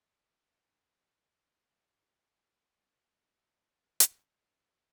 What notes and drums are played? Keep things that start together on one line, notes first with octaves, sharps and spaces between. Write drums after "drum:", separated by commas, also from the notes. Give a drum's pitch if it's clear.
C4
G5
G#2 C3
F4
drum: hi-hat